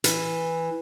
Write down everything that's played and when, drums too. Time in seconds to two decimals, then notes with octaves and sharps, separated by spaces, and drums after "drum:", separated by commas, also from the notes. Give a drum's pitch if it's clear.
0.04 E3, drum: hi-hat